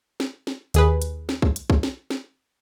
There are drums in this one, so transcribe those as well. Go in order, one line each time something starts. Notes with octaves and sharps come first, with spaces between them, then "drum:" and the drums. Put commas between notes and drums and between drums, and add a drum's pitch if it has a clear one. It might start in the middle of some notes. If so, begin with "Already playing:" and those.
drum: snare
drum: snare
D#2 G#4 B4, drum: hi-hat
drum: hi-hat
drum: snare
drum: kick
drum: hi-hat
drum: kick
drum: snare
drum: snare